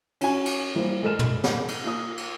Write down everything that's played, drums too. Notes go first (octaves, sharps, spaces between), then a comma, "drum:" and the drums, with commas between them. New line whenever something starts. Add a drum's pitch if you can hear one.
C#4 F#4 G#5, drum: cymbal
drum: cymbal
E3 G3 A#3 C5
G#3 A4 A#4 F6 E7
drum: tom
drum: snare
drum: cymbal
A#3 F4 D#6
drum: cymbal